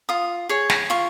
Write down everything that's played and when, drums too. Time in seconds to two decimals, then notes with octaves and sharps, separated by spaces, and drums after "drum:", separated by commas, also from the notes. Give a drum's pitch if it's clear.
0.09 F4 D#6
0.49 G#4 C#5
0.70 drum: snare
0.90 F4 C#6